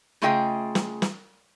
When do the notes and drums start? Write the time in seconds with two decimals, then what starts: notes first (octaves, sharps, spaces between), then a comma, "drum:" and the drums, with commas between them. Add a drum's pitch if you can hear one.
0.22 C#3 A3 F4 G#4 D#5 G5
0.75 drum: snare
1.02 drum: snare